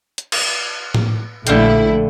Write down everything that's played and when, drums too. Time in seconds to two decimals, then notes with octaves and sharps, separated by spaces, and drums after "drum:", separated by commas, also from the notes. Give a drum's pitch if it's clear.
0.18 drum: hi-hat
0.32 drum: cymbal
0.94 drum: tom A2
1.47 A#1 D3 A3 E4 F5 G5, drum: hi-hat